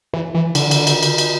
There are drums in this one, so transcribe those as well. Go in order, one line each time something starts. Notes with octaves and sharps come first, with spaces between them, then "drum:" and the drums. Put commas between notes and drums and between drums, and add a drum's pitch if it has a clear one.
E3
E3
D3, drum: cymbal
drum: cymbal
drum: cymbal
drum: cymbal
drum: cymbal